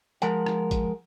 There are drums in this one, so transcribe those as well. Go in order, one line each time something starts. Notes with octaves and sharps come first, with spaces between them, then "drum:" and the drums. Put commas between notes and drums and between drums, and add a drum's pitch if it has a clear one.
F3 G#3 A#4 F#5, drum: hi-hat
drum: rim click
drum: kick, hi-hat